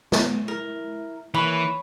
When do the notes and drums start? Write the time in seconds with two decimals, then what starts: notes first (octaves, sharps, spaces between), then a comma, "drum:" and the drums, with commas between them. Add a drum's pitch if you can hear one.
0.12 B3, drum: snare
0.48 E4 A#4
1.34 E3 A#3 C#5 B5